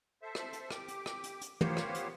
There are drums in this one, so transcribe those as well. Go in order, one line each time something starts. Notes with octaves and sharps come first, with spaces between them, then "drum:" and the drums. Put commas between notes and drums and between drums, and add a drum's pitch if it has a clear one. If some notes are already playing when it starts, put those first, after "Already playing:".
A4 C5 E5
drum: rim click
drum: hi-hat
G4 D6, drum: rim click
drum: hi-hat
drum: rim click
drum: hi-hat
drum: hi-hat
A#3 B3 F4 G4 C5 C#5, drum: tom
drum: rim click
drum: hi-hat